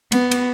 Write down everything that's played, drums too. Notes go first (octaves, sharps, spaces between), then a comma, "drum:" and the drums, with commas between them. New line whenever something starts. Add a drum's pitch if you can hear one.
B3, drum: cymbal
drum: cymbal